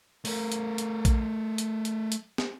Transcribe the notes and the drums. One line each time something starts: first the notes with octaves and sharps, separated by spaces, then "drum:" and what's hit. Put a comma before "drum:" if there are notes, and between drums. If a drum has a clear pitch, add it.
A3 A#4, drum: open hi-hat
drum: hi-hat
drum: hi-hat
drum: kick A#1, hi-hat
drum: hi-hat
drum: hi-hat
drum: hi-hat
drum: snare